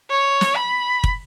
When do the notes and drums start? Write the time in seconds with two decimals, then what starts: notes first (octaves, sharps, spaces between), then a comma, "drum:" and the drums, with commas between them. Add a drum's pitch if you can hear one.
0.10 C#5
0.41 drum: snare
0.56 B5
1.04 drum: kick